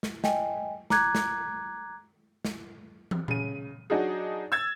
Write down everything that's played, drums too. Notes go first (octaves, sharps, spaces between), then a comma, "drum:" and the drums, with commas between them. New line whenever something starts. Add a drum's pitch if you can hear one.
drum: snare
D#5 G5 G#5, drum: snare
A#5 D6 F#6 G#6, drum: snare
drum: snare
drum: snare
drum: tom
C#3 D#7, drum: tom A#2
F#3 D4 D#4 F#4 G#4
E6 G#6 A6